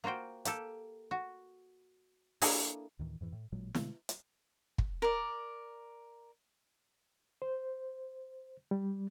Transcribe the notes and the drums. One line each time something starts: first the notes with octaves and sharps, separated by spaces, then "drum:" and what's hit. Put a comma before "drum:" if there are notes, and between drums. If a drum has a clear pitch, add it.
A#3 F4 F#4 C5 G5
A#3 G4 A4, drum: hi-hat
F#4
A#3 D4 E4 G#4 A4 D#5, drum: open hi-hat
D2 A2 D#3 E3
F2 G#2 E3
A2
A1 A#2 F#3 G#3
B2 D3 G#3 A3, drum: snare
drum: hi-hat
drum: kick
A#4 D5
C5
G3